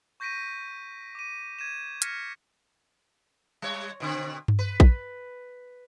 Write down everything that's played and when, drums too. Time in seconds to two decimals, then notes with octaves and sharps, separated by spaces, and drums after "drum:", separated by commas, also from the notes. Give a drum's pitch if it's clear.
0.20 C#6 G6 A#6 B6 D7 D#7
1.15 D6 D#7
1.59 G#6 D#7 E7
2.02 F6 G#6 A#6 B6 C#7, drum: hi-hat
3.62 G3 C#5
4.00 B2 D3 C4
4.48 drum: tom G2
4.59 B4
4.80 drum: kick A#1